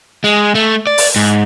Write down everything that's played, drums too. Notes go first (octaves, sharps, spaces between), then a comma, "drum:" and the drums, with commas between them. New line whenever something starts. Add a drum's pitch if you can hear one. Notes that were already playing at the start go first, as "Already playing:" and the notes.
G#3
A3
D5
drum: open hi-hat
G#2